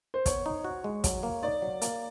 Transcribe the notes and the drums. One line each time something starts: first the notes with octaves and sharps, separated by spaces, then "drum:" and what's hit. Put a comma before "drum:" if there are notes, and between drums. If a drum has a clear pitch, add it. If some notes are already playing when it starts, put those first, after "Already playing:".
C5
B3 C#5, drum: kick, hi-hat
D#4
F#4
G#3
F#3, drum: kick, hi-hat
A#3
D#4 D5
F#3
A#3, drum: hi-hat